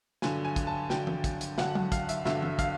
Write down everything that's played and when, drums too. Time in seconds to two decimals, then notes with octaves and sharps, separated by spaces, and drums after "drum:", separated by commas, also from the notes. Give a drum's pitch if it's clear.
0.22 G2 D3 F#3 G#5, drum: snare
0.45 G#5
0.56 drum: kick, hi-hat
0.67 A5
0.90 G2 D3 F#3 G5, drum: snare
1.07 drum: tom E3
1.24 drum: kick, hi-hat
1.41 drum: hi-hat
1.58 G2 D3 F#3 F#5, drum: snare
1.75 F#5, drum: tom F#3
1.92 F5, drum: kick, hi-hat
2.09 E5, drum: hi-hat
2.25 G2 D3 F#3 E5, drum: snare
2.42 drum: tom E3
2.59 F5, drum: kick, hi-hat